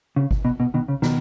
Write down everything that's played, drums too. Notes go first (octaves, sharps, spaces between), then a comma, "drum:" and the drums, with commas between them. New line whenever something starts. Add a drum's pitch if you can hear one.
C#3
drum: kick G1
B2
B2
B2 D#3
C#3
B2 D#3, drum: snare